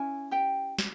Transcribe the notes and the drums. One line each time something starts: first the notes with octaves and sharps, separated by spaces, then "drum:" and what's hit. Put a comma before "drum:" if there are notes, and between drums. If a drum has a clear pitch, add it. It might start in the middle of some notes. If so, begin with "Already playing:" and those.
Already playing: C#4 E4 G#5
G4 G5
drum: snare